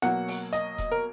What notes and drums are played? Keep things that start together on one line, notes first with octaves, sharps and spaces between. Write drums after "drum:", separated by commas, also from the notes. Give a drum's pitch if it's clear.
B2 F#3 A#3 F#5, drum: snare E4
drum: open hi-hat
D#5, drum: hi-hat
drum: kick D#1, hi-hat
A#4